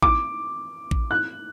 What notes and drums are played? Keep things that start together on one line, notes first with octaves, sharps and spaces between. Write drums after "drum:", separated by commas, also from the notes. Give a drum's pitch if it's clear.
D6, drum: kick A1
drum: kick A1
F#6